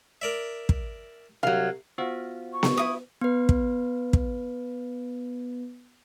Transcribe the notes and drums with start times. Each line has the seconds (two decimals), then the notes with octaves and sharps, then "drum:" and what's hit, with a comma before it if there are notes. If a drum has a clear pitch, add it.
0.22 A#4 D5 E5
0.69 drum: kick
1.43 C2 F#3 F5
1.98 B3 F4 F#4 C5 F#5
2.53 C#6
2.63 drum: snare B3
2.77 E4 D#6
3.21 B3 B4
3.49 drum: kick
4.13 drum: kick